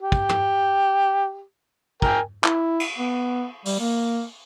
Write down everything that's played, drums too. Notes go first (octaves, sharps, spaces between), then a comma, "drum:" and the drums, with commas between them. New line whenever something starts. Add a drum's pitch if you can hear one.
G4
drum: kick
drum: tom
A#4 G5 G#5, drum: kick
E4, drum: clap
drum: cymbal
B3
G3, drum: open hi-hat
A#3